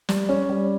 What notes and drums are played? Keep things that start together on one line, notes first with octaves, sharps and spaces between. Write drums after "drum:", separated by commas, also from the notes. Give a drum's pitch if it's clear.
G3, drum: snare
C#4
G3